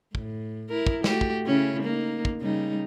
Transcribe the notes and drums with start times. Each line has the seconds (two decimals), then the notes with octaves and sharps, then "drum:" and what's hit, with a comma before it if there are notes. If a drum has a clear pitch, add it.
0.15 A2, drum: kick
0.69 E4 A#4
0.87 drum: kick
1.04 A3 F#4 G4, drum: snare
1.21 drum: kick
1.46 C#3 C#4 E4
1.83 A#3 D#4
2.25 drum: kick
2.41 C#3 G3 D#4